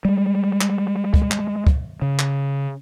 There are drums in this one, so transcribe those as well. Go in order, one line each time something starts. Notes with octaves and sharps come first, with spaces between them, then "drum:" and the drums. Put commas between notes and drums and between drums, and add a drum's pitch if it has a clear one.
G3 G#3
drum: clap
drum: kick
drum: clap
drum: kick
C#3
drum: clap